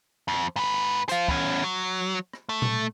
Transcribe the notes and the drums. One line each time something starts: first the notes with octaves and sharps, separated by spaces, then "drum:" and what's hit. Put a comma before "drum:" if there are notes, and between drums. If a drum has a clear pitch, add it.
F2
G#2 B4
C5 F5, drum: hi-hat
E2 C#4, drum: kick
F#3
drum: rim click
A3
drum: tom A#2